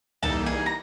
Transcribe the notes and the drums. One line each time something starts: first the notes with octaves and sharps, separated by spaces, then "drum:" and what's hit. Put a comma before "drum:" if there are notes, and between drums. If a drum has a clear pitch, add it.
E3 G3 A#3 D#4 A4 A5, drum: tom
G#4 G#5
A#5